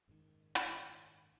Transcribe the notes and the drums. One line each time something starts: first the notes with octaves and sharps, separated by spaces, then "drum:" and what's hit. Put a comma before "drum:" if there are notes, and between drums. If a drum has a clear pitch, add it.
F#1 G#2 C3 D#3
drum: hi-hat